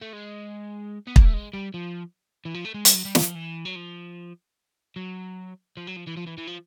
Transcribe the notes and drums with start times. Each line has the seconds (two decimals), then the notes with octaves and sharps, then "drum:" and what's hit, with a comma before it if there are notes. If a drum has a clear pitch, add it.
0.01 A3
0.13 G#3
1.07 B3
1.16 A#3, drum: kick
1.25 A3
1.33 G#3
1.53 G3
1.74 F3
2.45 E3
2.54 F3
2.65 A3
2.74 G#3
2.85 G3, drum: hi-hat
2.94 F#3
3.05 G3
3.15 F#3, drum: snare
3.25 F3
3.35 E3
3.65 F#3
3.76 F3
4.96 F#3
5.77 F3
5.87 F#3
5.96 F3
6.07 E3
6.17 F3
6.26 E3
6.38 E3
6.47 F3